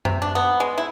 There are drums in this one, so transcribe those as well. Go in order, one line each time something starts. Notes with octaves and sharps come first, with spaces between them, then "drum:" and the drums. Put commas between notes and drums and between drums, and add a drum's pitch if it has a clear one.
C3, drum: tom F#2
D4
B3
G#3
E4